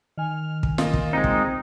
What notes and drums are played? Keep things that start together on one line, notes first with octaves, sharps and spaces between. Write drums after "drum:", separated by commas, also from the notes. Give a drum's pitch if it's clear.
D#3 G#5 F6
drum: kick
A#3 F4 D#5, drum: snare
drum: kick
G#3 C4 D#4
drum: kick